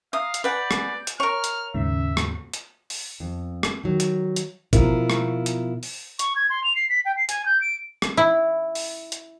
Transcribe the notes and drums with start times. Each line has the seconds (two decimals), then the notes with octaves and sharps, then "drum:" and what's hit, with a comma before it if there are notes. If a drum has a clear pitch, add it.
0.13 E5 F5 A#5 D#6
0.34 drum: hi-hat
0.44 B4 D5 F#5 G#5 G6
0.71 drum: rim click
1.07 drum: hi-hat
1.20 A#4 C#5 C#6 F6
1.44 drum: hi-hat
1.75 D#2 G#2 C#3 E5
2.17 drum: rim click
2.54 drum: hi-hat
2.90 drum: open hi-hat
3.20 F2
3.63 drum: rim click
3.83 D#3 F#3
4.00 drum: hi-hat
4.36 drum: hi-hat
4.73 B2 F3 B3 E4 F4 A#4, drum: kick G1, hi-hat
5.10 drum: rim click
5.46 drum: hi-hat
5.83 drum: open hi-hat
6.19 C#6, drum: hi-hat
6.36 G#6
6.50 C6
6.64 F7
6.76 C7
6.89 B6
7.05 G5
7.17 C7
7.29 G#5, drum: hi-hat
7.46 G6
7.61 D7
8.02 drum: rim click
8.17 E4
8.75 drum: open hi-hat
9.12 drum: hi-hat